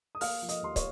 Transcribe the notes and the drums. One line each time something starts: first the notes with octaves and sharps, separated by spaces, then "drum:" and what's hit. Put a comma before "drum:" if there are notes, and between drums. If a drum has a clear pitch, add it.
D#6
A#3 F5 F6, drum: open hi-hat
F3
D#5 D#6, drum: hi-hat
D#2 C6
C#5 C#6, drum: kick, hi-hat